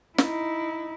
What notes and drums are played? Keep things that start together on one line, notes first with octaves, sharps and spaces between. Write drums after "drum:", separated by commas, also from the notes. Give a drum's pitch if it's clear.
D#4 E4, drum: snare